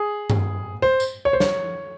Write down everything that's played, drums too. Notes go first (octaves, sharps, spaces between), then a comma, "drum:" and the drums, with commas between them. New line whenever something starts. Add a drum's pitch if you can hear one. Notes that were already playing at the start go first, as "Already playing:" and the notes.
Already playing: G#4
drum: tom G2
C5
drum: tambourine
C#5
C5
C#5, drum: snare